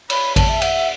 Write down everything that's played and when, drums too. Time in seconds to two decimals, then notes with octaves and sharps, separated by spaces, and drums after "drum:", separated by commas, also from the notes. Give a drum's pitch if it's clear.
0.10 C#5 B5, drum: cymbal
0.36 A5, drum: kick A1, cymbal
0.49 E5
0.61 F#5, drum: cymbal